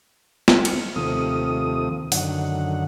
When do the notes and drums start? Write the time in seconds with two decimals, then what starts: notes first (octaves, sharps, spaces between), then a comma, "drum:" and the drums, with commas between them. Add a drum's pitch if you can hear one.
0.48 drum: snare
0.65 drum: cymbal
0.96 D#2 C3 F3 A3 D#6
2.12 F#2 D3 D#3 F#5, drum: open hi-hat